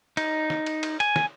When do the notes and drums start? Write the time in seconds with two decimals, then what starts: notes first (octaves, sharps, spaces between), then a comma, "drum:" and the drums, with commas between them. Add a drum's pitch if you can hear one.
0.17 D#4, drum: cymbal
0.50 drum: snare
0.66 drum: cymbal
0.83 drum: cymbal
1.00 G#5, drum: cymbal
1.16 drum: snare